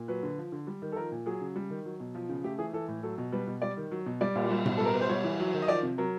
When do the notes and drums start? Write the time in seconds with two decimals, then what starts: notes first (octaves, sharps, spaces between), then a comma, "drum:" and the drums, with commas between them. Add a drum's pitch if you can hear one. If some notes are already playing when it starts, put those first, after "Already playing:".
Already playing: A#2
0.08 F#3 B4
0.23 D3
0.38 F3
0.52 D3
0.67 G3
0.82 D#3
0.92 A4
0.96 F3 A#4
1.12 A#2
1.26 F#3 G#4
1.41 C#3
1.56 G3
1.70 D#3
1.86 F#3
2.00 B2
2.15 F3
2.29 C#3
2.44 A3 G4
2.58 E3 G#4
2.73 E3 A4
2.88 A2
3.03 F#3 A4
3.18 B2
3.32 G3 B4
3.47 B2
3.62 G3 D5
3.77 D#3
3.91 F#3
4.06 B2
4.21 G3 D5
4.36 A#2, drum: cymbal
4.50 G3
4.66 B2, drum: tom A2
4.78 G3 A4
4.85 A#4
4.94 B2 B4
5.01 C5
5.09 G3 C#5
5.24 E3
5.40 F#3
5.54 D#3
5.62 D#5
5.68 F3 D5
5.83 C3
5.98 F#3 A#4